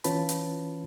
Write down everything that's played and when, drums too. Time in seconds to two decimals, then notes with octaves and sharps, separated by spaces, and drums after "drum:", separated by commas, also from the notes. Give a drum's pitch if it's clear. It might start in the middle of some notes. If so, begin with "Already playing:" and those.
0.04 E3 C#4 F4 B4 A5 B5, drum: hi-hat
0.29 drum: hi-hat